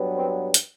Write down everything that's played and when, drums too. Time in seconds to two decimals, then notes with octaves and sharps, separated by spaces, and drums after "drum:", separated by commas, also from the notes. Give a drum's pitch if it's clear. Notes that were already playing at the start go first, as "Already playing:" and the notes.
Already playing: G2 F#3 B3
0.16 C4
0.54 drum: hi-hat